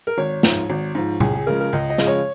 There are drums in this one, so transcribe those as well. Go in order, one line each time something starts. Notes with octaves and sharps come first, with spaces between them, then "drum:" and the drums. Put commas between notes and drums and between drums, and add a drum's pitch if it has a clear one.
A#4
G#1 C#5
G#2 F3, drum: snare
G#1
G#2 F3
C#2 G#4, drum: tom A#2
G#4
C#3 F3 G#3 A#4
A#4
C#2 D#5
D#5
C#3 F3 G#3, drum: snare
C#5